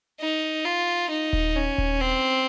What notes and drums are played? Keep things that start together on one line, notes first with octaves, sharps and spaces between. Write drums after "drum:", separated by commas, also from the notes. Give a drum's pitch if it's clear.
D#4
F4
D#4
drum: kick D#1
C#4
drum: kick D#1
C4